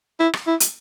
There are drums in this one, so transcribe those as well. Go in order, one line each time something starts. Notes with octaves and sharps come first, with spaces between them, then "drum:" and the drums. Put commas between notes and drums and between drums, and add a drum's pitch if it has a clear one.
E4
drum: rim click
E4
drum: hi-hat